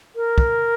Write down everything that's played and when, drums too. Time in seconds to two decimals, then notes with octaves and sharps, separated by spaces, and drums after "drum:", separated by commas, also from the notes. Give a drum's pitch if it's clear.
0.16 A#4
0.38 drum: kick